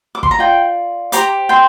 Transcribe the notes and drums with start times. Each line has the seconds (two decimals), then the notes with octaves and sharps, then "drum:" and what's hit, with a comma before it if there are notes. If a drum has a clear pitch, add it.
0.15 D6
0.23 C6, drum: kick
0.31 A#5
0.39 F4 D5 G5
1.12 G4 C5 A#5 D6, drum: hi-hat
1.49 G5 C6